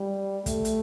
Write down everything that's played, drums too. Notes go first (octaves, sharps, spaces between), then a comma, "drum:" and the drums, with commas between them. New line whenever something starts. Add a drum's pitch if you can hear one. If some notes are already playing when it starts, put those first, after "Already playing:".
Already playing: G3
A3, drum: kick, hi-hat
drum: hi-hat